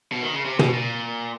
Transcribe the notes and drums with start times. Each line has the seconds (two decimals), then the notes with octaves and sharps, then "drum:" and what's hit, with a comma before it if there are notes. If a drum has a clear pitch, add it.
0.12 B2
0.22 D#3
0.33 C#3
0.45 C3
0.59 B2, drum: tom
0.73 A#2